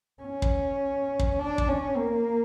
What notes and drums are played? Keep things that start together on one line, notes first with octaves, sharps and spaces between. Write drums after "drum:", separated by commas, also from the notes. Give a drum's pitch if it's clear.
C#4
drum: kick
drum: kick
D4
drum: kick
C#4
A#3